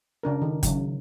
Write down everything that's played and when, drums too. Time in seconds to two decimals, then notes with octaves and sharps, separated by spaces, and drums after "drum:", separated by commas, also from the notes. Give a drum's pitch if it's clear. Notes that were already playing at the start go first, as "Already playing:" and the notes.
0.23 C#3 D4 A#4
0.42 D#3
0.63 C#3 F#3, drum: kick G1, hi-hat